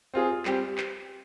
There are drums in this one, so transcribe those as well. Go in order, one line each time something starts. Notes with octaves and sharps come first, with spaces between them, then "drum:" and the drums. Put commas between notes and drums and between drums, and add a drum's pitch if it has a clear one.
C4 F4 G#4
G3 C4 G4, drum: clap
drum: clap